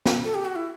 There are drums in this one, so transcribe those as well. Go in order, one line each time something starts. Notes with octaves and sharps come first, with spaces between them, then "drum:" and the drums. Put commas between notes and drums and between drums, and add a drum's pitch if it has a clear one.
drum: snare
A4
G4
F#4
E4